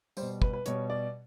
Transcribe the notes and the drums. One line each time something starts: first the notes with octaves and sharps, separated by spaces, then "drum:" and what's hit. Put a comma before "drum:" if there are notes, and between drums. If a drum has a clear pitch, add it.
G3 C5, drum: tambourine
B2
B4, drum: kick
B4
B2 G3 C#5, drum: hi-hat
D5